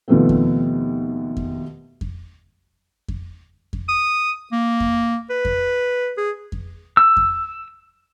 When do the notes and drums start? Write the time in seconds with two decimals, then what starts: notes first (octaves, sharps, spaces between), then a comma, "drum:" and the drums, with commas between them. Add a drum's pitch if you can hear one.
0.08 D#2 B2 F3 A3 B3 C4
0.29 drum: kick F2
1.37 drum: kick F2
2.01 drum: kick F2
3.08 drum: kick F2
3.73 drum: kick F2
3.89 D#6
4.52 A#3
4.80 drum: kick F2
5.30 B4
5.45 drum: kick F2
6.18 G#4
6.52 drum: kick F2
6.97 E6
7.17 drum: kick F2